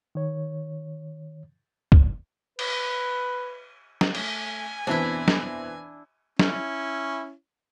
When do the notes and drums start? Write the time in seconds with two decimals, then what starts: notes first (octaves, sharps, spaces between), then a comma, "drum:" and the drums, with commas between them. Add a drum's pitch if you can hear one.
0.15 D#3 C#5
1.92 drum: kick
2.59 B4, drum: cymbal
4.01 drum: snare
4.15 A3 G#5, drum: cymbal
4.87 F#1 E2 B2 E3 C4 D4 E4
5.28 drum: snare
6.39 C#4 E4, drum: snare